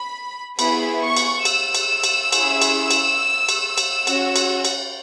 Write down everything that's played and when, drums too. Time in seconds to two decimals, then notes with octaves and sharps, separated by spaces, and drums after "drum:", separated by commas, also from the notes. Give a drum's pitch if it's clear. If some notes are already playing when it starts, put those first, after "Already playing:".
Already playing: B5
0.59 B3 E4 G#4 B5, drum: cymbal
1.02 C#6
1.17 drum: cymbal
1.45 E6, drum: cymbal
1.75 drum: cymbal
2.04 drum: cymbal
2.33 C#4 E4 G#4, drum: cymbal
2.62 drum: cymbal
2.91 drum: cymbal
3.49 drum: cymbal
3.78 drum: cymbal
4.07 C#4 F#4, drum: cymbal
4.36 drum: cymbal
4.65 drum: cymbal